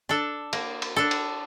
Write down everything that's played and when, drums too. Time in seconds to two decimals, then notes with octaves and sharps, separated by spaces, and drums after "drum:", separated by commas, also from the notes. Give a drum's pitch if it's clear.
0.09 D4 A4
0.53 A#3, drum: cymbal
0.82 drum: cymbal
0.96 D4 A4
1.11 drum: cymbal